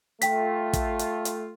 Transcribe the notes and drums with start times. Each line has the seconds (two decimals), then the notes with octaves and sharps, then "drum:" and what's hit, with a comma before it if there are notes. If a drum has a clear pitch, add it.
0.22 A3 F4 G5 B6, drum: hi-hat
0.73 drum: kick, hi-hat
0.99 drum: hi-hat
1.25 drum: hi-hat